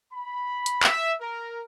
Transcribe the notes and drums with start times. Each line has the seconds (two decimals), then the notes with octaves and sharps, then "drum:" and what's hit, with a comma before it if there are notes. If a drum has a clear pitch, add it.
0.12 B5
0.66 drum: hi-hat
0.83 E5, drum: clap
1.20 A#4